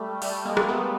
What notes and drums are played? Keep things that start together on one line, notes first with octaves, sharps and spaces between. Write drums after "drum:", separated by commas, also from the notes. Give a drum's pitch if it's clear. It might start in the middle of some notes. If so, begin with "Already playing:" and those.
Already playing: G3 A3
G3 A3, drum: open hi-hat
G#3 A#3
drum: rim click
A3 B3